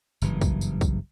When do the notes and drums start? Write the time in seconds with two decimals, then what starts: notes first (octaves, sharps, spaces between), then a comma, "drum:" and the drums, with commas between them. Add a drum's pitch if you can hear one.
0.22 F#1 G2 E3, drum: tambourine
0.41 drum: kick, tambourine
0.61 drum: tambourine
0.81 drum: kick, tambourine